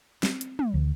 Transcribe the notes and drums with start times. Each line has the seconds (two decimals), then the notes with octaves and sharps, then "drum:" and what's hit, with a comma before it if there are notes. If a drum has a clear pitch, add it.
0.23 C4, drum: snare
0.41 drum: hi-hat
0.59 drum: tom
0.74 D2